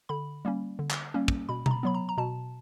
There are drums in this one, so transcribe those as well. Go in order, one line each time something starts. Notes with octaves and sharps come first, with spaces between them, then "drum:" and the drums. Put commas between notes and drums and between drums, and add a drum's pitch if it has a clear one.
D3 B5
G3 A#3 C#4
D3
drum: clap
G3 A#3 C#4
drum: kick
B2 B5
A#5, drum: tom B2
B5
F#3 B3 B5
A#5
A#5
B2 A5